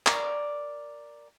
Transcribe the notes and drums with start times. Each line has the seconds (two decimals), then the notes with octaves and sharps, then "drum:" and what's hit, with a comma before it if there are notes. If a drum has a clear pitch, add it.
0.06 A#4 D5, drum: clap